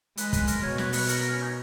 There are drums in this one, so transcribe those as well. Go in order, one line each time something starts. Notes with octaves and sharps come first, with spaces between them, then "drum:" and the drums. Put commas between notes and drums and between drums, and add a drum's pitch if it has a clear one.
G#3 B4, drum: hi-hat
B4, drum: kick, hi-hat
A#4, drum: hi-hat
B2 C#5
B4, drum: snare
B4, drum: open hi-hat
A#4, drum: hi-hat
A#4
C#4
D#4